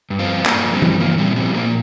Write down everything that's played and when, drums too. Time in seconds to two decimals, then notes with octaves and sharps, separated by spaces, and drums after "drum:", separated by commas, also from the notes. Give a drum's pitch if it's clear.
0.10 G2
0.19 C4 F4
0.28 F3
0.46 G2 A#3 D4, drum: clap
0.64 F3
0.73 G3 C4
0.82 G2, drum: tom E3
1.00 F3 A#3
1.18 A#2 G3 C4
1.36 F3 G3 C4
1.54 A#2 A#3